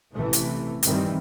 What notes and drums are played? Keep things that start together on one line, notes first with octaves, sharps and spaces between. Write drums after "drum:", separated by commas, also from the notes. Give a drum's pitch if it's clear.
A1 C3 E3 A3
drum: hi-hat
G2 D#3 E3 G3 C4, drum: hi-hat